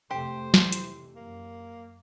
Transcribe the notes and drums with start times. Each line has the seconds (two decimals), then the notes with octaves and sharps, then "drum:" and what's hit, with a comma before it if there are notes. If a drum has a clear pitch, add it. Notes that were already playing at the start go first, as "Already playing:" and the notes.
0.11 F2 C3 A3 G4 C5
0.54 F1 C3 E3, drum: snare
0.72 drum: hi-hat
1.16 F#2 A#3